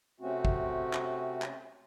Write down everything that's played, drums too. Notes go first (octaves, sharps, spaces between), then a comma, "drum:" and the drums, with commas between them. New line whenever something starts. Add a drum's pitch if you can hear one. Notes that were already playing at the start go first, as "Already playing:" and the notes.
C3 A3 C4 C#4 F#4
drum: kick
drum: clap
drum: clap